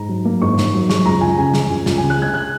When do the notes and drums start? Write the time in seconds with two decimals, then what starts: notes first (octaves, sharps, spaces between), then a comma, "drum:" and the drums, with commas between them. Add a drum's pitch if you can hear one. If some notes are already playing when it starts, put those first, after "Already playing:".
Already playing: G#2 A#5
0.09 F#3
0.25 A#3
0.42 G#2 C#6
0.58 G#2, drum: snare
0.74 F#3
0.90 G#3 C#6, drum: snare
1.05 C#2 A#5
1.21 C#2 G#5
1.38 C#3 G#5
1.54 G#3, drum: snare
1.69 C#2
1.86 C#2, drum: snare
1.97 C#3 G#5
2.10 F#6
2.18 G#3 G#6
2.34 F#6